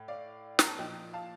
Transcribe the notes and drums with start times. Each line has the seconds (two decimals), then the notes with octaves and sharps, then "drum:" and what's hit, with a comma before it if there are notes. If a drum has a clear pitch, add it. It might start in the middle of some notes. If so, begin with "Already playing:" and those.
Already playing: A2
0.08 D5 F5
0.59 A#5, drum: snare
0.68 A5
0.79 A#2 F3 D#5 G5
1.13 F5 A5